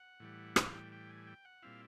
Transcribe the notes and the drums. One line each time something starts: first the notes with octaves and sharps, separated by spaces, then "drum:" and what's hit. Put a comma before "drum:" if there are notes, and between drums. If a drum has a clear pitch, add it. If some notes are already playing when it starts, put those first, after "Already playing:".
Already playing: F#5
A2 E3 G3
F5, drum: rim click
G5
G5
G#5
G5
F#5
A#2 G3 C4 E4 F5